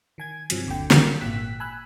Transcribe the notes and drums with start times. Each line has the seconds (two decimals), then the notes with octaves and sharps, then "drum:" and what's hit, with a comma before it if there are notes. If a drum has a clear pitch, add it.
0.18 D#3 G#5 G#6
0.50 G2 C3 D#3 F3 F#3, drum: hi-hat
0.66 G1 D#2 D3 G5
0.91 G3 A#3, drum: snare
1.21 G#1 A#2 G5 E6 F#6 B6
1.60 G#5 B5 E6 F#6